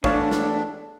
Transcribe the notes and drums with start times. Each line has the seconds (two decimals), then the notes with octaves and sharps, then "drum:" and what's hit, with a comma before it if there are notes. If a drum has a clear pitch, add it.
0.04 E2 A3 D4 C#5 F5 A5, drum: kick
0.31 drum: snare